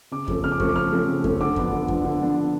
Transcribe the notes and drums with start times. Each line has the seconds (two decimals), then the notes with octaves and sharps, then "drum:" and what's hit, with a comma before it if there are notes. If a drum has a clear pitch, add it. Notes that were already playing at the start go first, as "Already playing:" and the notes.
0.11 C#3 D6
0.28 F3 A3 C#4, drum: kick F2
0.44 C#3 F6
0.52 D6
0.60 F3 A3 C#4 C#6, drum: kick F2
0.68 D6
0.76 C#3 F6
0.92 F3 A3 C#4
1.08 C#3
1.24 F3 A3 C#4, drum: kick F2
1.40 D3 D6
1.56 F3 B3 D4, drum: kick F2
1.73 D3
1.88 F3 B3 D4, drum: kick F2
2.04 D3
2.21 F3 B3 D4
2.36 D3